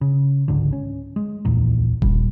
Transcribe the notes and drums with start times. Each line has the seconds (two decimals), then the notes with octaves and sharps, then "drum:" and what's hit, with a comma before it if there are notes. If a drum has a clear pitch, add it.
0.01 C#3
0.48 G#1 C#2 G#2 D3
0.73 C#4
1.16 G#3
1.45 D1 A#1 E2 A#2
2.02 D#2 A#2 G3, drum: kick D#1